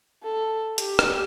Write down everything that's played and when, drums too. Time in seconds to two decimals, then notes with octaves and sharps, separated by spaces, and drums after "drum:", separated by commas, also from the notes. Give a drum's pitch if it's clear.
0.24 A4
0.78 G4, drum: hi-hat
0.99 drum: rim click